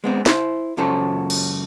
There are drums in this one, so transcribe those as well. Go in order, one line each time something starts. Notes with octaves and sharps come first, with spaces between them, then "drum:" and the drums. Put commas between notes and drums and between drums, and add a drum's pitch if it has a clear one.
G#3 B3 C4
E4 C5, drum: snare
C#2 F#2 F#3 C#4 A4 C5
drum: cymbal